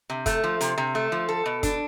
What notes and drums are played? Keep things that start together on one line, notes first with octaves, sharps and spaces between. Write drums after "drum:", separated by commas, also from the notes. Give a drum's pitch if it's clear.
C3
A3, drum: kick F#1, hi-hat
F3
C3, drum: hi-hat
C3
A3
F3
A4
B2
D4, drum: kick F#1, hi-hat